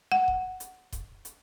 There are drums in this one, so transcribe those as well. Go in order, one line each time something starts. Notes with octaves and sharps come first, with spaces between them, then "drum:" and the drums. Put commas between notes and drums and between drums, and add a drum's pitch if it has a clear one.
F#5
drum: kick D#1
drum: hi-hat
drum: kick D#1, hi-hat
drum: hi-hat